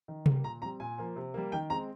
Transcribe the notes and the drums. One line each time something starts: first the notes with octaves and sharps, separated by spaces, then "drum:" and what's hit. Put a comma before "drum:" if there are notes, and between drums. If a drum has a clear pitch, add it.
D#3
G3 A#3, drum: tom C3
A#2 A#5
G3 C4 A#5
A#2 G#5
F3 A#3
C3
G3 A#3
D#3 G5
G#3 C4 A#5